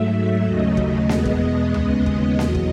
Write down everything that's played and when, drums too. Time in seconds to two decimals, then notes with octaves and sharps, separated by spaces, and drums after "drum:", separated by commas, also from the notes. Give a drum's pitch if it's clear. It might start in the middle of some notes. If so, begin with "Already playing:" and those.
Already playing: G#2 F#3 A3 E5
0.44 D#2 C#3 F#3 A3 D#5
0.77 drum: kick
1.09 E2 B2 G#3 B3, drum: snare A#3
1.26 drum: kick
1.74 D#2 C#3 G#3 B3, drum: tom C#2
2.06 drum: kick
2.39 E2 B2 F#3, drum: snare A#3
2.55 drum: kick